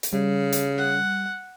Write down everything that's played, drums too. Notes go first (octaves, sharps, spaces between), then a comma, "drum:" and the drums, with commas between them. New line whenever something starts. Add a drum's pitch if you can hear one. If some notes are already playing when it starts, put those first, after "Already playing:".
drum: hi-hat
C#3 G3
drum: hi-hat
F#5